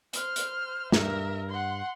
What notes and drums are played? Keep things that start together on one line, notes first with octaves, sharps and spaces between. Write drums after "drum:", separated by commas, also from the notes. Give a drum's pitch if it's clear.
C5 F6, drum: hi-hat
drum: hi-hat
G2 A#4 E5, drum: snare
F#5 C6